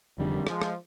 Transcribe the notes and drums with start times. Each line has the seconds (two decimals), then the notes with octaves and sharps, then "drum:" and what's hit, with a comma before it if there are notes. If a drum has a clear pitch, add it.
0.18 F1 F2 D3 D#3 G3
0.47 F3 G#3, drum: rim click
0.62 drum: rim click